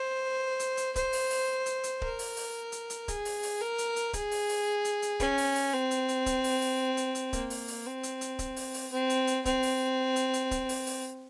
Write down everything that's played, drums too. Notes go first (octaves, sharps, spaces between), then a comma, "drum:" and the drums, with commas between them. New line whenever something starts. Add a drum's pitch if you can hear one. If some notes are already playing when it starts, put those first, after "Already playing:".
Already playing: C5
drum: hi-hat
drum: hi-hat
C5, drum: kick D1, hi-hat
drum: open hi-hat
drum: open hi-hat
drum: hi-hat
drum: hi-hat
A#4, drum: kick D1
drum: open hi-hat
drum: open hi-hat
drum: hi-hat
drum: hi-hat
G#4, drum: kick D1, hi-hat
drum: open hi-hat
drum: open hi-hat
A#4
drum: hi-hat
drum: hi-hat
G#4, drum: kick D1, hi-hat
drum: open hi-hat
drum: open hi-hat
drum: hi-hat
drum: hi-hat
C#4, drum: kick D1, hi-hat
drum: open hi-hat
drum: open hi-hat
C4
drum: hi-hat
drum: hi-hat
drum: kick D1, hi-hat
drum: open hi-hat
drum: open hi-hat
drum: hi-hat
drum: hi-hat
A#3, drum: kick D1, hi-hat
drum: open hi-hat
drum: open hi-hat
C4
drum: hi-hat
drum: hi-hat
drum: kick D1, hi-hat
drum: open hi-hat
drum: open hi-hat
C4
drum: hi-hat
drum: hi-hat
C4, drum: kick D1, hi-hat
drum: open hi-hat
drum: hi-hat
drum: hi-hat
drum: kick D1, hi-hat
drum: open hi-hat
drum: open hi-hat